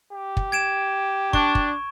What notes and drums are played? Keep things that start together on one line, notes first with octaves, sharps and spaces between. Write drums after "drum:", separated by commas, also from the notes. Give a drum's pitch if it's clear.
G4
drum: kick
G#6 D7 E7
D4 C#6, drum: kick
drum: kick